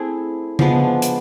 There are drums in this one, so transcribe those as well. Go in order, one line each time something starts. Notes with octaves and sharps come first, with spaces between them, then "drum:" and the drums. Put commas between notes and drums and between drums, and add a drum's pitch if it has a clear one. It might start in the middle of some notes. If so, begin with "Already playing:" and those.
Already playing: A3 C4 E4 G#4
F3 G#3 B3 D4, drum: tom C#3
drum: hi-hat